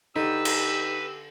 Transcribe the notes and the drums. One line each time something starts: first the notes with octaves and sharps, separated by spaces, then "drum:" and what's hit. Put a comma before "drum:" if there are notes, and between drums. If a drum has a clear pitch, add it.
D3 D#4 G4 B4 E6
drum: cymbal